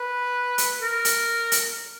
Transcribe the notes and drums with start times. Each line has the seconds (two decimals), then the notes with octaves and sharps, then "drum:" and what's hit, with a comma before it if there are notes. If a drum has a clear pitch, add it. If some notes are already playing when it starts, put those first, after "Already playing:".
Already playing: B4
0.58 drum: hi-hat
0.82 A#4
1.05 drum: hi-hat
1.52 drum: hi-hat